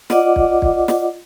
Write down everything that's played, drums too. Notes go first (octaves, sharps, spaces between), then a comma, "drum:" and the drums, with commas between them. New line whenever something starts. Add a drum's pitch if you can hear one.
F4 D5 D#5 F#5 D6, drum: snare
drum: kick
drum: kick
drum: snare